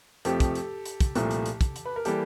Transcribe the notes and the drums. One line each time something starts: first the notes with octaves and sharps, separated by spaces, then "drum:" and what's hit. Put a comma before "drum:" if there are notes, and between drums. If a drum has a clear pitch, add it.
F2 C3 F3 A3 G4 A4, drum: hi-hat
drum: kick, hi-hat
drum: hi-hat
drum: hi-hat
drum: kick, hi-hat
C2 A#2 F3 A3, drum: hi-hat
drum: hi-hat
drum: hi-hat
drum: kick, hi-hat
drum: hi-hat
B4
A#4
E3 G3 A#3 G4 A4, drum: hi-hat